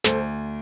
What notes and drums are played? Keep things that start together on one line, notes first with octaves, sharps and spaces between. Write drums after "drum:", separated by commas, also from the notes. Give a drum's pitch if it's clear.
D2 A4 C5, drum: snare